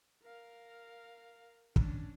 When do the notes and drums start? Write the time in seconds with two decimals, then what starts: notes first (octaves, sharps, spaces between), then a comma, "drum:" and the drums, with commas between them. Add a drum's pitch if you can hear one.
0.23 A#4 F5
1.76 C#4 D4, drum: kick